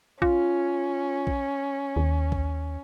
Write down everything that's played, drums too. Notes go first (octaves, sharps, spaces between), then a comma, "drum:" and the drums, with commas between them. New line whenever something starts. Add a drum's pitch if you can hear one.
C#4 F4, drum: kick A#1
drum: kick A#1
D#2
drum: kick A#1